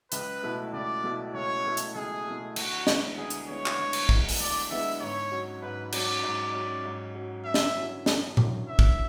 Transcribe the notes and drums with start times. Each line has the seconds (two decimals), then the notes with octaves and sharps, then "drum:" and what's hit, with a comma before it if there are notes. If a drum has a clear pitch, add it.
0.12 C#2 B4, drum: hi-hat
0.42 B2 A3 E4
0.73 C#2 D5
1.03 B2 A3 E4
1.34 C#2 C#5
1.65 B2 A3 E4
1.77 drum: hi-hat
1.95 C#2 G#4
2.26 B2 A3 E4
2.56 D2 F#4, drum: cymbal
2.87 D3 G#3 B3 E4, drum: snare
3.18 D2 G#4
3.30 drum: hi-hat
3.48 D3 G#3 B3 E4 C#5
3.66 drum: clap
3.79 D2
3.93 drum: cymbal
4.09 D3 G#3 B3 E4, drum: kick
4.29 drum: open hi-hat
4.39 D2 D5
4.71 D3 G#3 B3 E4 E5
5.01 G#2 C#5
5.31 F#3 C#4
5.62 G#2 B4
5.92 F#3 C#4 D5, drum: cymbal
6.23 G#2
6.53 F#3 C#4
6.84 G#2
7.15 F#3 C#4
7.45 F#2 E5
7.54 drum: snare
7.76 D3 F#3 C#4 E4
8.06 F#2, drum: snare
8.37 D3 F#3 C#4 E4, drum: tom A#2
8.68 F#2 E5
8.79 drum: kick